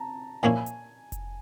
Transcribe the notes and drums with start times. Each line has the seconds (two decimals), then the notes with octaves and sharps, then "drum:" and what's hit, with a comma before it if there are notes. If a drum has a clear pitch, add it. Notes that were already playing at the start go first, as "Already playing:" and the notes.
Already playing: A5 A#5
0.43 A#2 F3 A#3 C#4 E4 G#5
0.66 drum: hi-hat
1.12 drum: kick F1, hi-hat